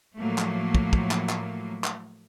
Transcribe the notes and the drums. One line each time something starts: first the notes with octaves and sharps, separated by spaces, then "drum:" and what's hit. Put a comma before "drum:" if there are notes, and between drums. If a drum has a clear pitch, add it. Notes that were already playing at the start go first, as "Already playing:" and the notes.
A2 F3 F#3 A3 A#3
drum: clap
drum: kick
drum: kick
drum: clap
drum: clap
drum: clap